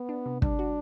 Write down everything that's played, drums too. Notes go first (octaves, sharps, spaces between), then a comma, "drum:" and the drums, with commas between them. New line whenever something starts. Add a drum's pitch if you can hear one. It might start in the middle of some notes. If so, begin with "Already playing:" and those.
Already playing: B3
D4
C3
G3 D4, drum: kick
F#4